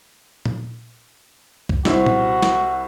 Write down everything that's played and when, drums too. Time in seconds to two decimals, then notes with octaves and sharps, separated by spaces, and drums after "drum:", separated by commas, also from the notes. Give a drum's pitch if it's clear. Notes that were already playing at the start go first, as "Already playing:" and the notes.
0.45 drum: tom A#2
1.69 drum: kick
1.85 C2 E4 F#4 C5, drum: snare
2.06 drum: tom A#2
2.42 drum: snare